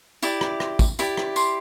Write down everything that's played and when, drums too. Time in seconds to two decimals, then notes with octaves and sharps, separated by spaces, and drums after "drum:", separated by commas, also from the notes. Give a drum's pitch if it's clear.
0.23 E4 G4 D5, drum: tambourine
0.41 drum: rim click
0.60 drum: rim click
0.79 drum: kick, tambourine
0.99 E4 G4 D5 B5, drum: tambourine
1.17 drum: rim click
1.36 C6, drum: tambourine